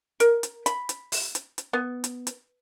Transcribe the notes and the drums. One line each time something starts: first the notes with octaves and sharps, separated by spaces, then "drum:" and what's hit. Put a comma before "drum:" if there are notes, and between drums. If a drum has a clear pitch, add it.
A#4, drum: hi-hat
drum: hi-hat
B5, drum: hi-hat
drum: hi-hat
drum: open hi-hat
drum: hi-hat
drum: hi-hat
B3
drum: hi-hat
drum: hi-hat